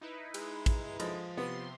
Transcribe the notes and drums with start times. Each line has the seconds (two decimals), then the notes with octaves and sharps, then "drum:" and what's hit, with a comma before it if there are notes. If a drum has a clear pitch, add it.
0.01 D#4 E4 B4
0.34 G#3, drum: cymbal
0.66 drum: kick, cymbal
1.00 D3 F3 G#3, drum: cymbal
1.37 C3 G3 B3 C6